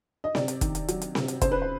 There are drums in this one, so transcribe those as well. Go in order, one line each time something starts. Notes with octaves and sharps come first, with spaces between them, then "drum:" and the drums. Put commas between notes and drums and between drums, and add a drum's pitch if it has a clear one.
D#5
C3 D5, drum: snare C4
drum: hi-hat
D#3, drum: kick, hi-hat
drum: hi-hat
F#3, drum: hi-hat
drum: hi-hat
C3, drum: snare C4
drum: hi-hat
C#3 C5, drum: kick, hi-hat
B4
C5